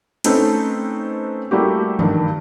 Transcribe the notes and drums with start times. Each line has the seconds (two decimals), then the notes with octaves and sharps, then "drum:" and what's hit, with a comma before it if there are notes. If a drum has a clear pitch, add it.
0.24 A3 C4 C#4 D#4 A4 B4, drum: hi-hat
1.51 G3 A3 A#3 E4 F#4 G4
1.99 G2 D#3, drum: tom E3